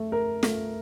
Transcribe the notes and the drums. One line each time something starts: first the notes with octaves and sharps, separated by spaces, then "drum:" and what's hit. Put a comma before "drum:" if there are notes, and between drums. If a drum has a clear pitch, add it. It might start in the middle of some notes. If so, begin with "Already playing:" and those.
Already playing: A3
A#4
A3, drum: snare